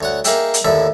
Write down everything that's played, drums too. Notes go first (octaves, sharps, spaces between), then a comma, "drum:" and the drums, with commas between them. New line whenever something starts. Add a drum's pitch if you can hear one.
D2 C#5 F#5
A#3 D#4 G#4 E5 G5 A5, drum: hi-hat
drum: hi-hat
D#2 A2 D3 E5